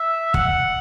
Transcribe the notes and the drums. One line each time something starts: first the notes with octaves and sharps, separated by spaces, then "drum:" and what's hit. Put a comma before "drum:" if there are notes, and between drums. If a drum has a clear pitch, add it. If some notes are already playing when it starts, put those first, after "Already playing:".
Already playing: E5
F#5, drum: kick